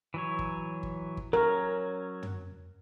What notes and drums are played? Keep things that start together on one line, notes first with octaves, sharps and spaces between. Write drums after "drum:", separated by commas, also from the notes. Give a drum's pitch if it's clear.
E3 F#3 C#5
drum: kick G1
drum: kick G1
drum: kick G1
F#3 C#4 A#4 C#5
drum: tom